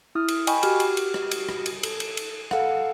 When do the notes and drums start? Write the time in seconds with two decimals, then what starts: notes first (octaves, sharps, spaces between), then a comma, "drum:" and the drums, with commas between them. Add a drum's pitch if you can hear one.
0.15 E4 D#6 F6
0.28 drum: cymbal
0.47 D#5 G5 G#5 B5 C#6, drum: cymbal
0.63 F#4 G4 F6, drum: cymbal
0.80 drum: cymbal
0.97 drum: cymbal
1.14 drum: rim click
1.31 drum: cymbal
1.49 drum: rim click
1.66 drum: cymbal
1.83 A4, drum: cymbal
2.00 drum: cymbal
2.17 drum: cymbal
2.51 A4 F5 F#5, drum: rim click